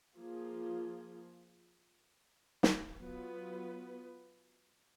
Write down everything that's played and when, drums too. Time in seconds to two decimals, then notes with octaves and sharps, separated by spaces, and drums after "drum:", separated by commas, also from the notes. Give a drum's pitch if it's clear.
0.16 F3 A#3 F4 G#4
2.63 drum: snare
2.98 F#3 B3 F4 B4